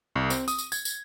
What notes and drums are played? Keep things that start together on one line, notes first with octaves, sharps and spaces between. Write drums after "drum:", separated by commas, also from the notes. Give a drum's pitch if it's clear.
C2
C4, drum: tambourine
D#6, drum: tambourine
drum: tambourine
G#6, drum: tambourine
drum: tambourine